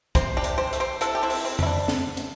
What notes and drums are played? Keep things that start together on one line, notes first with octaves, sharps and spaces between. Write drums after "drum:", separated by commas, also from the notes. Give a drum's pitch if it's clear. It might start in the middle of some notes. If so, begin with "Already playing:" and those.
C3 G4 C5, drum: kick B1, hi-hat
D4 G4
C3, drum: hi-hat
G4 C5
A3, drum: hi-hat
G4 C5
C3 E4 A4, drum: hi-hat
G4
C4 E4
C3, drum: open hi-hat
C4
G3 E4, drum: tom F2
D4
drum: snare
drum: hi-hat